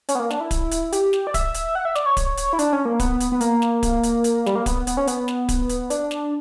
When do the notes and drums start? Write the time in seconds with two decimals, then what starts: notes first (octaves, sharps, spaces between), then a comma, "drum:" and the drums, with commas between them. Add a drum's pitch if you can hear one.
0.09 C#4, drum: hi-hat
0.15 B3
0.19 A#3
0.30 D4, drum: snare
0.40 E4
0.51 drum: kick D1, hi-hat
0.71 drum: hi-hat
0.92 G4, drum: hi-hat
1.13 drum: snare
1.27 D5
1.34 E5, drum: kick D1, hi-hat
1.54 drum: hi-hat
1.75 F#5
1.85 E5
1.95 D5, drum: snare
2.06 C#5
2.17 drum: kick D1, hi-hat
2.37 drum: hi-hat
2.53 E4
2.59 D4, drum: hi-hat
2.73 C#4
2.85 A#3
3.00 B3, drum: kick D1, hi-hat
3.20 drum: hi-hat
3.32 B3
3.41 A#3, drum: hi-hat
3.62 drum: snare
3.83 drum: kick D1, hi-hat
4.03 drum: hi-hat
4.24 drum: hi-hat
4.46 G3, drum: snare
4.55 A#3
4.66 B3, drum: kick D1, hi-hat
4.87 B3, drum: hi-hat
4.97 C#4
5.07 B3, drum: hi-hat
5.28 drum: snare
5.49 drum: kick D1, hi-hat
5.69 drum: hi-hat
5.90 D4, drum: hi-hat
6.11 drum: snare